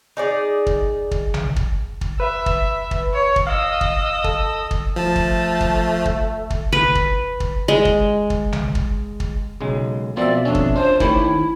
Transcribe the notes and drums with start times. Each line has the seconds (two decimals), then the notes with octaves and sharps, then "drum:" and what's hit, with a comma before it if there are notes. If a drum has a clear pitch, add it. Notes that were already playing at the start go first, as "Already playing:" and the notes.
0.17 D#4 G#4 D5
0.67 drum: kick
1.11 drum: kick
1.34 drum: tom A#1
1.56 drum: kick
2.01 drum: kick
2.20 B4 E5
2.46 drum: kick
2.91 drum: kick
3.14 C#5
3.36 drum: kick
3.47 D#5 F5 E6
3.81 drum: kick
4.24 A4, drum: kick
4.71 drum: kick
4.96 F3 A3 A5
5.16 drum: kick
5.61 drum: kick
6.06 drum: kick
6.50 drum: kick
6.73 B4, drum: tom A#1
6.95 drum: kick
7.40 drum: kick
7.68 G#3
7.85 drum: kick
8.30 drum: kick
8.53 drum: tom A#1
8.75 drum: kick
9.20 drum: kick
9.61 B1 C#3 G#3
10.17 B2 F3 A#3 C4 D5 E5
10.45 F2 C#4 D4
10.55 drum: kick
10.76 C#4 D4 F4 C5 F5
11.00 D#3 A3 C#4 E4 G4, drum: kick